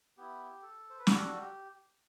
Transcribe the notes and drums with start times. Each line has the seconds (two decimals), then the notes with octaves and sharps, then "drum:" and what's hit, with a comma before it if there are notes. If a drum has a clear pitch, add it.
0.17 B3 E4 G4
0.62 A4
0.90 C5
0.99 B4
1.07 G3 D4 F#4 A4, drum: snare
1.36 G4